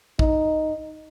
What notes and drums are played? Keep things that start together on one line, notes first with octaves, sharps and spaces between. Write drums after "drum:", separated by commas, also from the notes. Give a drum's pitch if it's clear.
D#4, drum: kick